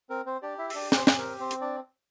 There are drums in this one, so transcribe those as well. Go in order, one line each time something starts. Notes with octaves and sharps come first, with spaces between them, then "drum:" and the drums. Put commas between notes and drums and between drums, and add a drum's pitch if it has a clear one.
C4 A#4
C4 C5
D4 G4 D5
E4 E5
E5, drum: open hi-hat
D4 G4 D5
D5, drum: snare
C4 C5
C4, drum: snare
A#4
C4 C5
drum: hi-hat
D4 D5